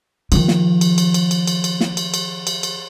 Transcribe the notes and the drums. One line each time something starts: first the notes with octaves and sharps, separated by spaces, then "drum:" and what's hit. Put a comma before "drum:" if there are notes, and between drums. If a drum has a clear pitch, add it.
D#3 F3, drum: cymbal
drum: snare
drum: cymbal
drum: cymbal
drum: cymbal
drum: cymbal
drum: cymbal
drum: cymbal
drum: snare
drum: cymbal
drum: cymbal
drum: cymbal
drum: cymbal